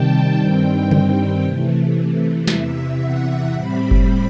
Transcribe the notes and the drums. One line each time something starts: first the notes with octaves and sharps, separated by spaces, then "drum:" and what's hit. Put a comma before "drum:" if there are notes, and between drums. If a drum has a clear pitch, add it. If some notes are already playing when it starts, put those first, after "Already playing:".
Already playing: C3 D#3 G3 G5 A5
G2 D#3 G3 C4 G5
drum: tom C#3
C3 E3 A3
E2 C3 E3 E5, drum: snare
F#5
A2 G3 C4 B5
drum: kick F#1